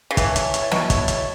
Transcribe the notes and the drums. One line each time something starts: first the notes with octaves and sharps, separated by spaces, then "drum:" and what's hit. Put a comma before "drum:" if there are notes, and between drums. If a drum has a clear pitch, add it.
C#3
E3 E4 C#5 A5, drum: kick, hi-hat
drum: hi-hat
drum: hi-hat
B2 E4 C#5 A5, drum: snare
drum: kick, hi-hat
drum: hi-hat